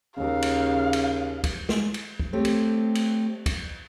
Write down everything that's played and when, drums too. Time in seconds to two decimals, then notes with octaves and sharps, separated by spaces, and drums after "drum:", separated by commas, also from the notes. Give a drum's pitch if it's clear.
0.17 D#2 C#3 F5
0.42 drum: cymbal
0.93 drum: cymbal
1.44 drum: kick, cymbal
1.69 drum: snare
1.94 drum: cymbal
2.19 drum: kick
2.33 A3 C4 G4 C#5
2.45 drum: cymbal
2.95 drum: cymbal
3.46 drum: kick, cymbal